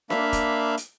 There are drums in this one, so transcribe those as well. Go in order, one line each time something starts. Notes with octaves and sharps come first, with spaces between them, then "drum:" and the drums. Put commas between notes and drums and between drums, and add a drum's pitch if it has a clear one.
A#3 D4 E5 F5 B5, drum: snare D4
drum: kick, hi-hat
drum: hi-hat